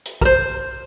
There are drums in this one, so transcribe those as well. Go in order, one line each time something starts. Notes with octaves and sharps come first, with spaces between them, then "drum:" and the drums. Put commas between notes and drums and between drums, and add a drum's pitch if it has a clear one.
drum: hi-hat
A#4, drum: kick
C5